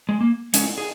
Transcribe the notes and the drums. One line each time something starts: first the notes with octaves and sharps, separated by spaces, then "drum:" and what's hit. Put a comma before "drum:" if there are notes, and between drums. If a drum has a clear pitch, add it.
G#3
A#3
G#3 C#4, drum: hi-hat
G#4